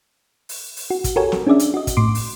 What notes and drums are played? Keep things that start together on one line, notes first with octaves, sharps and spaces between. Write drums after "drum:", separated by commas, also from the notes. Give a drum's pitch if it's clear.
drum: open hi-hat
drum: open hi-hat
F#4
drum: kick, hi-hat
F#4 G4 A4 A#4 C#5 G#5
drum: snare
C#4 D4 G#4 D5 E5
drum: hi-hat
F#4 D#5
drum: kick, hi-hat
A2 C6 D6
drum: open hi-hat